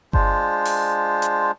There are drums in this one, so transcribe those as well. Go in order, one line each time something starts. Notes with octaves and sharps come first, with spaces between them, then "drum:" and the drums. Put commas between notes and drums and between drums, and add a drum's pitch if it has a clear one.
G#3 D4 F4 C5, drum: kick G1
drum: open hi-hat
drum: hi-hat